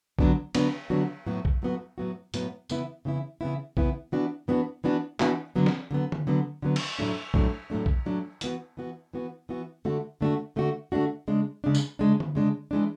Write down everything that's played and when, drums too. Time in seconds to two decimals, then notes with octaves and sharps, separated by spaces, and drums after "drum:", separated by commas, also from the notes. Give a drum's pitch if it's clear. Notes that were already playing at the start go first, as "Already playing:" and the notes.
0.19 D3 F#3 B3 D4 F#4, drum: kick A#1
0.55 D3 F#3 B3 D4 F#4, drum: cymbal
0.90 D3 F#3 B3 D4 F#4
1.26 A2 F#3 B3 F#4
1.45 drum: kick A#1
1.62 A2 F#3 B3 F#4
1.98 A2 F#3 B3 F#4
2.34 A2 F#3 B3 F#4, drum: hi-hat
2.69 C#3 E3 B3 E4, drum: tambourine
3.05 C#3 E3 B3 E4
3.41 C#3 E3 B3 E4
3.77 C#3 E3 B3 E4, drum: kick A#1
4.12 E3 B3 D4 F#4
4.48 E3 B3 D4 F#4
4.84 E3 B3 D4 F#4
5.20 E3 B3 D4 F#4, drum: clap
5.56 D3 F#3 B3
5.66 drum: snare
5.91 D3 F#3 B3
6.12 drum: tom D3
6.27 D3 F#3 B3
6.62 D3 F#3 B3
6.76 drum: cymbal
6.99 A2 F#3 A3 D4
7.34 A2 F#3 A3 D4, drum: kick A#1
7.70 A2 F#3 A3 D4
7.86 drum: kick A#1
8.06 A2 F#3 A3 D4
8.41 E3 B3 F#4, drum: hi-hat
8.77 E3 B3 F#4
9.13 E3 B3 F#4
9.49 E3 B3 F#4
9.85 D3 A3 D4 F#4
10.21 D3 A3 D4 F#4
10.56 D3 A3 D4 F#4
10.92 D3 A3 D4 F#4
11.28 C#3 G#3 D4
11.64 C#3 G#3 D4
11.75 drum: tambourine
11.99 C#3 G#3 D4
12.20 drum: tom D3
12.35 C#3 G#3 D4
12.71 E3 G#3 D4